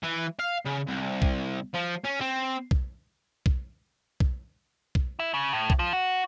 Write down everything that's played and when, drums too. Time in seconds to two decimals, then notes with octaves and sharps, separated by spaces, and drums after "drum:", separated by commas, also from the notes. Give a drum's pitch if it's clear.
0.03 E3
0.40 F5
0.66 C#3
0.87 C2
1.22 drum: kick B1
1.74 F3
2.05 C#4
2.21 C4
2.71 drum: kick B1
3.46 drum: kick B1
4.20 drum: kick B1
4.95 drum: kick B1
5.19 E4
5.34 C#3
5.53 A2
5.70 drum: kick B1
5.79 F3
5.93 F#4